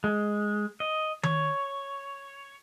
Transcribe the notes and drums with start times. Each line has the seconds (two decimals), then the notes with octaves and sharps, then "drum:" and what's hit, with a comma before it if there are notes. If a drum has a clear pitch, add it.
0.04 G#3
0.80 D#5
1.23 C#5, drum: tom D#3